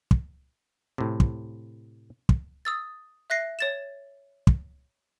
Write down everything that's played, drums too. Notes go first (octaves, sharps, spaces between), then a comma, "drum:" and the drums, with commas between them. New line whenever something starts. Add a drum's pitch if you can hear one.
drum: kick
A2 C3
drum: kick
drum: kick
D#6 E6 A6
E5 F#6 A#6 C7
C#5 A6 E7
drum: kick